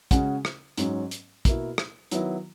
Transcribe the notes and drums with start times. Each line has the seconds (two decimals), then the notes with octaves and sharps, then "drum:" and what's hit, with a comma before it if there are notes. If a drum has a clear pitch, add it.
0.11 C#3 G#3 C#4 F#4, drum: kick, hi-hat
0.45 drum: rim click
0.78 G#2 F#3 C#4, drum: hi-hat
1.11 drum: hi-hat
1.45 B2 A#3 E4, drum: kick, hi-hat
1.78 drum: rim click
2.11 D#3 F#3 B3 E4, drum: hi-hat